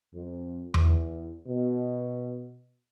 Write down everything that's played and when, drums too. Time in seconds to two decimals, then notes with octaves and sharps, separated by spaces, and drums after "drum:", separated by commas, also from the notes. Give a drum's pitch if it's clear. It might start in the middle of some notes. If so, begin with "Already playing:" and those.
0.13 F2
0.74 E2, drum: tom E2
1.48 B2